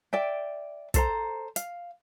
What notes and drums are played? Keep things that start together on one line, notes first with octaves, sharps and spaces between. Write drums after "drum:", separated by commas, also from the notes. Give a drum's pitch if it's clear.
D5 E5 G5
A4 C5 A#5, drum: kick, hi-hat
F5, drum: hi-hat